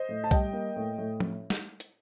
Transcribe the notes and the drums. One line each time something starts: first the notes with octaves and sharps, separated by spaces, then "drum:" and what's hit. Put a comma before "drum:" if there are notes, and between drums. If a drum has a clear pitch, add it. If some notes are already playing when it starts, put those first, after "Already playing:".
Already playing: C5 D#5
A2
A5
G3 D#5 G5, drum: kick B1, hi-hat
A#3
A2
A2
drum: tom F3
drum: snare
drum: hi-hat